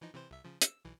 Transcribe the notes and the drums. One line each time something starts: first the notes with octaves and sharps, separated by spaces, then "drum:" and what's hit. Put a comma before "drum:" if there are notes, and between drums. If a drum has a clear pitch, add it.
E3 F3 D#4
C3 E3 C5
C2 E5
C#3 F3
E6, drum: hi-hat
B1 E3